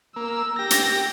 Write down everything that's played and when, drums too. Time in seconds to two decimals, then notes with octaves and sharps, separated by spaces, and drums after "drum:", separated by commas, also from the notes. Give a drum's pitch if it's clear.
0.16 A#3 E6
0.59 G4 A#6
0.70 drum: hi-hat